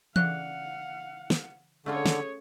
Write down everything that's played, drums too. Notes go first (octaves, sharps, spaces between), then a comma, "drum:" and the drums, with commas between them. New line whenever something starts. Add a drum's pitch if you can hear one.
C#3 E3 D4 F5 F#5 F#6, drum: tom E3
drum: snare
D3 A3 C#4 F4 G#4 C#5
drum: snare